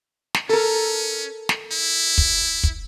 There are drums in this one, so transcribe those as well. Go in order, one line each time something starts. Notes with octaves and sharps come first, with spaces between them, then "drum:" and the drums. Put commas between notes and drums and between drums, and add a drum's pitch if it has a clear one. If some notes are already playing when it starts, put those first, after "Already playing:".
drum: snare
C#4 A4 A#4
drum: snare
E4
drum: kick
drum: kick